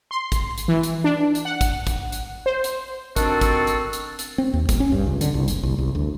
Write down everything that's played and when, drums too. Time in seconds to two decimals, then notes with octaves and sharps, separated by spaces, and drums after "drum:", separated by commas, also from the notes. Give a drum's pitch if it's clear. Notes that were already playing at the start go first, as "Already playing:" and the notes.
0.11 C6
0.32 drum: kick, hi-hat
0.58 drum: hi-hat
0.68 E3
0.83 drum: hi-hat
1.04 D4
1.35 drum: hi-hat
1.45 F#5
1.61 drum: kick, hi-hat
1.87 drum: kick, hi-hat
2.12 drum: hi-hat
2.46 C5
2.64 drum: hi-hat
3.16 D#3 C4 D4 F4 F#4 A4, drum: kick, hi-hat
3.41 drum: kick, hi-hat
3.67 drum: hi-hat
3.93 drum: hi-hat
4.19 drum: hi-hat
4.38 C4
4.53 D#2
4.69 D#1, drum: kick, hi-hat
4.80 C#4
4.92 G2
5.07 C#2
5.21 D3, drum: hi-hat
5.34 C2
5.48 F#1, drum: hi-hat
5.63 C2
5.78 C2
5.95 D2